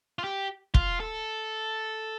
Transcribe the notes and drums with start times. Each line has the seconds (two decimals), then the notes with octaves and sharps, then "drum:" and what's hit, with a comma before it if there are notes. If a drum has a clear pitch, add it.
0.19 F4
0.24 G4
0.74 F4, drum: kick
1.00 A4